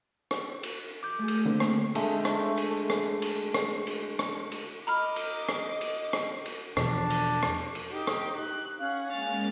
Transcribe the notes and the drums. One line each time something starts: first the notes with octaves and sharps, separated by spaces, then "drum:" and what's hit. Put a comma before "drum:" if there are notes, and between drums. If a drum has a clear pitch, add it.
drum: rim click
drum: cymbal
D6 G6
A3 G#4
drum: cymbal
D3 A#3 C4
drum: rim click
D3 G#3 A3, drum: cymbal
drum: rim click
drum: cymbal
drum: rim click
drum: cymbal
drum: rim click
drum: cymbal
drum: rim click
drum: cymbal
D#5 A#5 B5 D6 F6
drum: cymbal
drum: rim click
drum: cymbal
drum: rim click
drum: cymbal
E2 B2 F3 D4, drum: rim click
drum: cymbal
drum: rim click
drum: cymbal
D#4 G4
drum: rim click
F#6
C#4 F5 F#5
G#3 A#3 C#4 G#5 A6 F7